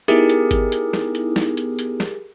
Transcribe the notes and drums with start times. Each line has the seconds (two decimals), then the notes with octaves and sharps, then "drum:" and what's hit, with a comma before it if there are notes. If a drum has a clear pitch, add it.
0.08 B3 D#4 E4 G4 G#4 A#4, drum: hi-hat
0.30 drum: hi-hat
0.51 drum: kick G#1, hi-hat
0.72 drum: hi-hat
0.93 drum: snare
1.15 drum: hi-hat
1.36 drum: snare
1.57 drum: hi-hat
1.79 drum: hi-hat
2.00 drum: snare